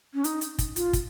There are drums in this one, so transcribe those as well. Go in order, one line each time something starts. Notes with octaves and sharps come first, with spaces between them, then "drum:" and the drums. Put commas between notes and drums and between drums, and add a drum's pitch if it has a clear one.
C#4
D#4, drum: hi-hat
drum: hi-hat
drum: kick, hi-hat
F4, drum: hi-hat
drum: kick, hi-hat